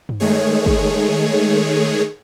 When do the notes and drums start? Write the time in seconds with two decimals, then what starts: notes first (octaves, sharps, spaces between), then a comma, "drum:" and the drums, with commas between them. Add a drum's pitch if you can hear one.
0.09 drum: tom G2
0.20 D#3 G#3 A3 G#4 C#5
0.66 drum: kick